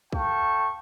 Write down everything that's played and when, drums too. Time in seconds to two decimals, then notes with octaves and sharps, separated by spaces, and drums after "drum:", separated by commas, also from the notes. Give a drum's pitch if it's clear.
0.13 A4 F5 G5 A5 C#6, drum: kick C2